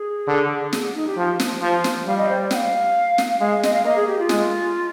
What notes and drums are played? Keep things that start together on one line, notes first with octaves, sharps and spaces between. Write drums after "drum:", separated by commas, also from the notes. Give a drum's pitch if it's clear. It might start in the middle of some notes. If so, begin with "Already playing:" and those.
Already playing: G#4
D3
drum: snare
D#4
G4
F3
drum: snare
F3
drum: snare
G3 F5
D#5
C5
D5
G5, drum: snare
F5
drum: snare
G#3 F5
F5
D#5, drum: snare
F5
A#3 D#5
G#4
G4
F4
G#3, drum: snare